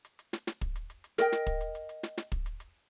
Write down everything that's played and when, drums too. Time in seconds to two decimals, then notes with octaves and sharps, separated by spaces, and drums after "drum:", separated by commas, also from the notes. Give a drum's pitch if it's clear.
0.05 drum: hi-hat
0.19 drum: hi-hat
0.33 drum: snare
0.47 drum: snare
0.61 drum: kick, hi-hat
0.76 drum: hi-hat
0.90 drum: hi-hat
1.04 drum: hi-hat
1.18 A#4 D#5 G5, drum: snare
1.32 drum: snare
1.47 drum: kick, hi-hat
1.61 drum: hi-hat
1.75 drum: hi-hat
1.89 drum: hi-hat
2.03 drum: snare
2.17 drum: snare
2.32 drum: kick, hi-hat
2.46 drum: hi-hat
2.60 drum: hi-hat